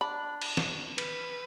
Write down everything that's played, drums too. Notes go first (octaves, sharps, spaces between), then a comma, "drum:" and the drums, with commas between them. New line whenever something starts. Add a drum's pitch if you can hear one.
D4 B5
drum: cymbal
drum: snare
B4, drum: cymbal